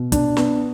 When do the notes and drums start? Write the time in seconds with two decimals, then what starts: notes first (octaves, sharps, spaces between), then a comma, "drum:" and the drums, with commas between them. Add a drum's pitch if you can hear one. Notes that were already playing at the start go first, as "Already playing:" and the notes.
Already playing: B2
0.12 D4, drum: kick, hi-hat
0.37 B3, drum: snare